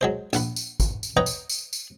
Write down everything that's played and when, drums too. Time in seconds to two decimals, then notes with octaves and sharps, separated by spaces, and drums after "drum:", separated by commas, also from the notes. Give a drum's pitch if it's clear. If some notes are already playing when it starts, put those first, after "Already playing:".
0.01 F#3 G#3 C5
0.33 A#1 F#5 B5, drum: tambourine
0.56 drum: tambourine
0.80 drum: kick, tambourine
1.03 drum: tambourine
1.17 B4 C#5 D#5 F#5 G5 A#5
1.26 drum: tambourine
1.49 drum: tambourine
1.73 drum: tambourine